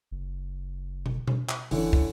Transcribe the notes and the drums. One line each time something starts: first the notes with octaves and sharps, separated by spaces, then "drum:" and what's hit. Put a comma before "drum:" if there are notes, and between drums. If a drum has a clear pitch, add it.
F#1
drum: tom
drum: tom B2
drum: clap
F#1 D3 E3 C#4, drum: open hi-hat
drum: kick